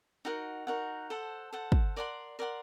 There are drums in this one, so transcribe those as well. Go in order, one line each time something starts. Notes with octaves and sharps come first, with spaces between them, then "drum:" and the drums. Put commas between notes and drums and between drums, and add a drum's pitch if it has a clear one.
D#4 F#4 A#4 F#5
D#4 F#4 A#4 F#5
A4 C5 F#5
A4 C5 F#5
drum: kick
A#4 D5 F#5 C6
A#4 D5 F#5 C6